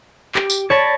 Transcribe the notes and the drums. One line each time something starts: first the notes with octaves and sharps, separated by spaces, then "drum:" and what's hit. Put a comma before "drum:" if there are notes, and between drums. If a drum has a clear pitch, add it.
G4, drum: clap
drum: tambourine
C#5 D5 A5 B5 A#6